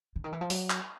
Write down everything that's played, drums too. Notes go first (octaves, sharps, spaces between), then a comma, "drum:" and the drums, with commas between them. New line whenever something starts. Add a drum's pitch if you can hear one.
D3
D#3
E3
F3
F#3, drum: open hi-hat
drum: clap